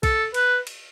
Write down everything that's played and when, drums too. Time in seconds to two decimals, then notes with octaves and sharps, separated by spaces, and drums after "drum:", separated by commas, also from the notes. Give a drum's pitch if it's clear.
0.03 A4, drum: kick B1, cymbal
0.34 B4, drum: cymbal
0.67 drum: cymbal